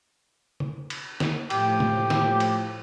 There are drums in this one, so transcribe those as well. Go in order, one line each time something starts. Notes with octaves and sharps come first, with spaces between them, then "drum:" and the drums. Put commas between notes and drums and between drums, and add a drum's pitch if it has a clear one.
drum: tom
drum: cymbal
drum: snare
A2 F3 G4, drum: cymbal
drum: tom
drum: snare
drum: cymbal